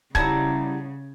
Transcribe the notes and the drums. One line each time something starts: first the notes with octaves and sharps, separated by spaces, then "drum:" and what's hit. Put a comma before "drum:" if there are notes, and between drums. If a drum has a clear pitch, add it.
C#3 G3 C#4 E4 F#5 A5 A#5 G#6, drum: kick C#1